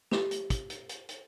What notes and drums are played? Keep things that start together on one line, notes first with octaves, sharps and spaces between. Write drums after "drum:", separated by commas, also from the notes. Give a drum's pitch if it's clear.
G4, drum: snare
drum: hi-hat
drum: kick, hi-hat
drum: hi-hat
drum: hi-hat
drum: hi-hat